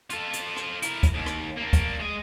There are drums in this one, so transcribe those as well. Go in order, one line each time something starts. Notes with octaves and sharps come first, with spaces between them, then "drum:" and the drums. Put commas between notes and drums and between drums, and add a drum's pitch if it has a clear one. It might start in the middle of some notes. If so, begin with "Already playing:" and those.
F4 A4, drum: hi-hat
drum: hi-hat
drum: rim click
E4 A#4, drum: hi-hat
drum: kick, hi-hat
D#2
drum: rim click
A#3 D4
drum: kick, hi-hat
G#3 D#5